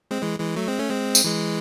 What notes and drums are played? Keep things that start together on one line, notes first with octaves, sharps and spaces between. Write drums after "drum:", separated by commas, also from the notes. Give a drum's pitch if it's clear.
G#3 C4
E3 G#3
E3 G#3
F#3 A3
G#3 C4
A3 C#4
G#3 C4
drum: tambourine
E3 G#3